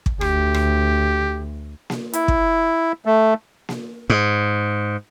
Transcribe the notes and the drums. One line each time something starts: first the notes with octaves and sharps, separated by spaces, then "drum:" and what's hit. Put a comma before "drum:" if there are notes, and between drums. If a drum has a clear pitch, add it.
drum: kick
D2 G4, drum: rim click
drum: rim click
drum: snare A#3
E4, drum: hi-hat
drum: kick
A3
drum: snare A#3
G#2